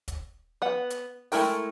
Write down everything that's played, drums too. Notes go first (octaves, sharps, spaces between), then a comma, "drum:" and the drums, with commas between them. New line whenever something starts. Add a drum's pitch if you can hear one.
drum: kick, hi-hat
B3 F#5
drum: hi-hat
G#3 A3 E4 A#4 G5, drum: open hi-hat